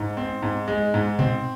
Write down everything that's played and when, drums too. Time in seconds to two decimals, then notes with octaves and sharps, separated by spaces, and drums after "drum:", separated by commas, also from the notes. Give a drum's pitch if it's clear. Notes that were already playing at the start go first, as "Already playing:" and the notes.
Already playing: G#2
0.17 C4
0.42 G#2
0.68 G#3
0.94 G#2
1.19 C4, drum: tom A#2